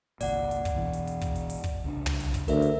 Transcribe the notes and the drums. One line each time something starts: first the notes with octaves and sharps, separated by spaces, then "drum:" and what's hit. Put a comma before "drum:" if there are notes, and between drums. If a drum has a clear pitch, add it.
G#1 C#2 A#2 D5 F#5, drum: open hi-hat
drum: hi-hat
drum: kick, hi-hat
E2 B2 E3
drum: hi-hat
drum: hi-hat
drum: kick, hi-hat
drum: hi-hat
drum: open hi-hat
drum: kick, hi-hat
C2 C#3 D4
drum: tom
drum: hi-hat
drum: kick, hi-hat
D2 A#4 E5, drum: hi-hat
drum: hi-hat